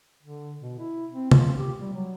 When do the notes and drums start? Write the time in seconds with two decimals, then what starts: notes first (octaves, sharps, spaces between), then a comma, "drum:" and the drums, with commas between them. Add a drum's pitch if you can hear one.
0.23 D3
0.61 B2
0.79 E4
1.14 C4
1.32 F4, drum: tom
1.56 G4
1.80 G3
1.93 F#3